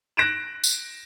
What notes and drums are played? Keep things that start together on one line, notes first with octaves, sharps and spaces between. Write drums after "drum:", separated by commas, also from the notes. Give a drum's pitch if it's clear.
F#6 A#6 D7 E7
drum: tambourine